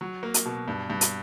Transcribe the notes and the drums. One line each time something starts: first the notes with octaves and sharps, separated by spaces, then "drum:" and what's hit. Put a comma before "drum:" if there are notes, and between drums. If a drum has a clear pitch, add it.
F#3
A#3
drum: hi-hat
B2
G2
G2
drum: hi-hat